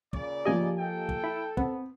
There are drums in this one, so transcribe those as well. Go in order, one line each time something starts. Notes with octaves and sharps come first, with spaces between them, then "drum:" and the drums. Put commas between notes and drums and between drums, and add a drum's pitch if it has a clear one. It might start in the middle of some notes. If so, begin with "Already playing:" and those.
A#2 C#3 D5, drum: kick
F3 A#3 G4 D#5 G#5
A4 G5
drum: kick
E4
B3 C4, drum: kick